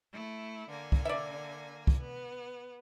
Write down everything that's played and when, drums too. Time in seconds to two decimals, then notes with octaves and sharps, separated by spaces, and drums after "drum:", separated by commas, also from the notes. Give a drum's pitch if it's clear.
0.13 A3 E4
0.69 D3 A#3 G#5
0.92 drum: kick
1.05 D5 E5
1.87 drum: kick
1.99 B3